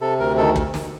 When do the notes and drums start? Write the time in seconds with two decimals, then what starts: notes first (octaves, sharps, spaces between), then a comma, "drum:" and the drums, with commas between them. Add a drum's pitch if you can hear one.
0.01 C3 A4
0.19 D2 A#4
0.37 D#3 A4
0.56 drum: kick
0.74 drum: snare